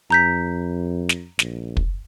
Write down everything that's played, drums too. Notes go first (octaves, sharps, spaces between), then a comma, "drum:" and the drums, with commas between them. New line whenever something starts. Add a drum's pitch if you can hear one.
F2 A#5 G6 B6
drum: snare
A#1, drum: snare
drum: kick